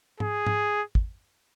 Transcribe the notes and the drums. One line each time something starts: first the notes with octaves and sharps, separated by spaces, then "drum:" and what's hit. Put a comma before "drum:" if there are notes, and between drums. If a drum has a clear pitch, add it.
G#4, drum: tom G#2
drum: tom G#2
drum: kick